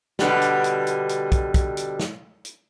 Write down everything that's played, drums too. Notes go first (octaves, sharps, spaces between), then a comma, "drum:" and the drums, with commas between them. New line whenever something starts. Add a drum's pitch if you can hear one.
B2 D3 G3, drum: snare
drum: hi-hat
drum: hi-hat
drum: hi-hat
drum: hi-hat
drum: kick, hi-hat
drum: kick, hi-hat
drum: hi-hat
drum: snare
drum: hi-hat